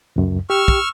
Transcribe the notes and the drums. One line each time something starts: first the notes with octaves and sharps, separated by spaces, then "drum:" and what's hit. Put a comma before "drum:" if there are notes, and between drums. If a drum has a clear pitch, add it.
C#2 F#2
G4 C#6 E6 F6
drum: kick